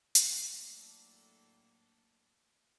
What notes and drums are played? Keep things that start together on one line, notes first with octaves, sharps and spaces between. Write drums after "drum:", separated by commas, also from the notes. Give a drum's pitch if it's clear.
A2 F#3 A#3 D4 A4, drum: hi-hat